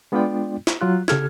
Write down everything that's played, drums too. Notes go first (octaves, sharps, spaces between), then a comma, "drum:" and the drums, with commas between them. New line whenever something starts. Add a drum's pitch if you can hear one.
G#3 B3 D4 F4 D5 G5
drum: snare
F#3 F4 F#6
C#3 G4 A4 F6 G#6, drum: snare